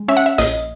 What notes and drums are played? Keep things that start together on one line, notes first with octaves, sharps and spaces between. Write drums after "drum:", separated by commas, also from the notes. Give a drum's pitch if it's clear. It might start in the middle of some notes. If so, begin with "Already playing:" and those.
Already playing: G#3
C#4 E5
F#5
E5
A#1 D#5, drum: hi-hat